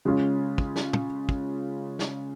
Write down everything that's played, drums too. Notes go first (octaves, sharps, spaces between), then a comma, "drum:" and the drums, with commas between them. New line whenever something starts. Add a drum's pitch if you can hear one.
C#3 G#3 C#4 F4
drum: kick
drum: snare
drum: tom
drum: kick
drum: snare